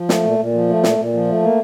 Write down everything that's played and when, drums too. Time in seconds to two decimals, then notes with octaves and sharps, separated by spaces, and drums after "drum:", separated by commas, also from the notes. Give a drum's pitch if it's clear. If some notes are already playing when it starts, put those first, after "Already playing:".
Already playing: F3
0.09 A3, drum: snare
0.24 A#2
0.39 A#2
0.53 F3
0.69 A3
0.83 A#2, drum: snare
0.98 A#2
1.13 F3
1.28 A3
1.43 A#3